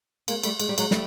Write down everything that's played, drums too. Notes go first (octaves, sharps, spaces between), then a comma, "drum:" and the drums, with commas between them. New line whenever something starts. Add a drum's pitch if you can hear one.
G#3 A#3, drum: cymbal
G3 A3, drum: cymbal
G#3, drum: cymbal
G3
F#3 G#3, drum: cymbal
G3 A3, drum: snare